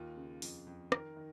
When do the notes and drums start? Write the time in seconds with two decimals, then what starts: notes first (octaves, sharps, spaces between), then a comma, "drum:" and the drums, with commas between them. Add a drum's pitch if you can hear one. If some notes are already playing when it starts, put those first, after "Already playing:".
Already playing: D#2 F4
0.17 C#3
0.42 F2, drum: open hi-hat
0.67 F2
0.92 D#3 A#4, drum: rim click
1.17 D#3